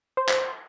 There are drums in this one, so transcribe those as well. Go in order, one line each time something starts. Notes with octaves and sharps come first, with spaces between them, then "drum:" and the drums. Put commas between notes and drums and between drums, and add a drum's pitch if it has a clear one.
C5
drum: clap